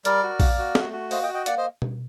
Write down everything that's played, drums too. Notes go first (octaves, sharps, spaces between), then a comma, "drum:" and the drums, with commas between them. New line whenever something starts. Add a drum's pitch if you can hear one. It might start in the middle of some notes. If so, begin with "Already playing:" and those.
G3 A#4 D5, drum: hi-hat
F#4
A#3, drum: kick A#1, open hi-hat
F#4
A3, drum: snare
F#4
A#3 C5 D#5, drum: open hi-hat
D#5 G5
F#4
D#5 G5
A#3 D5 F#5, drum: hi-hat
C5 D#5
drum: tom B2